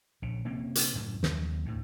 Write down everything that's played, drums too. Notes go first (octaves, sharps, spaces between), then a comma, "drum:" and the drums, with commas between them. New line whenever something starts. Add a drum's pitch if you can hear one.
A#1 C#3
C3 A#3 C#4
drum: hi-hat
F#2 A2 C#3
D#2 C#3 F#3, drum: snare
D2 A2